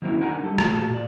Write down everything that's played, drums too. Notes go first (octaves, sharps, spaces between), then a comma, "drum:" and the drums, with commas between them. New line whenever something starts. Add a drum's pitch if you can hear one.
D#3 F#3 A#3 C4 C#4 E4
D4 D#4 A#4 F#5 G#5
G3 A4
A3, drum: rim click
A#2 F#4 G#4 A5
A#2 D5